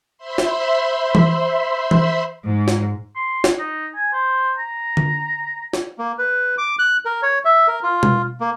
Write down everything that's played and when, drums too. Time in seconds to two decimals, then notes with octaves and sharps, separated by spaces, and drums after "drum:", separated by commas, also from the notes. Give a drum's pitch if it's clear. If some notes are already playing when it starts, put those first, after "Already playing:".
0.18 C5 E5 B5 C6
0.38 drum: snare
1.15 drum: tom E3
1.91 drum: tom E3
2.45 G#2
2.68 drum: snare
3.16 C6
3.44 drum: snare
3.59 D#4
3.96 G#5
4.13 C5
4.59 A#5
4.97 drum: tom D3
5.73 drum: snare
5.98 A#3
6.19 B4
6.58 D6
6.79 F#6
7.05 A#4
7.23 C#5
7.45 E5
7.68 A#4
7.83 F4
8.03 drum: tom
8.41 A#3